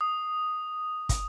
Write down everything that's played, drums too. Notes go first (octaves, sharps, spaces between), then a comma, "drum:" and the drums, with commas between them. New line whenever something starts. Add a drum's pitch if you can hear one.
D#6
drum: kick, hi-hat